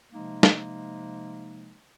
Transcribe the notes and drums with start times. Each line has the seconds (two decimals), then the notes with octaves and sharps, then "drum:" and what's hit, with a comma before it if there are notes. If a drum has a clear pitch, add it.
0.12 C3 F3 G#3 A#3 D#4
0.43 drum: snare